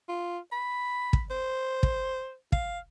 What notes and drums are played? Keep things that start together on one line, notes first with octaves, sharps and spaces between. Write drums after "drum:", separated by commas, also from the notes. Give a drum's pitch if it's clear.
F4
B5
drum: kick
C5
drum: kick
F5, drum: kick